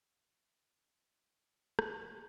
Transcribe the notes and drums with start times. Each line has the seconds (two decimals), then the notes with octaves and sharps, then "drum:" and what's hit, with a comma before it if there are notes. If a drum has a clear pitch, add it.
0.21 G3 D4 E4 F4 A4 B4 D#5 E5
1.79 drum: rim click